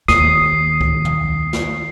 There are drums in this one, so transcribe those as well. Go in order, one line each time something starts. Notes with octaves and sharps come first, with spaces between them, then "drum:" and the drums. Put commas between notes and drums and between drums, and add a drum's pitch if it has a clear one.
D#2 D#6 C7, drum: snare
drum: kick C2
drum: tom
drum: snare